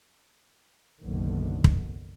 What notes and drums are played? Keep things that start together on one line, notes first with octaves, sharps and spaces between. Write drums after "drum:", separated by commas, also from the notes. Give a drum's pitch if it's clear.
F#1 B1 D3 D#3
drum: kick